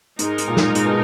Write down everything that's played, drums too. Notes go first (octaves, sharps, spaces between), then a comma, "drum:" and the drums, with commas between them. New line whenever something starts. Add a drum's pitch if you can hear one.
G#2 G#3 D#4 A#4, drum: hi-hat
drum: hi-hat
A#2
drum: snare
G#2, drum: hi-hat
B2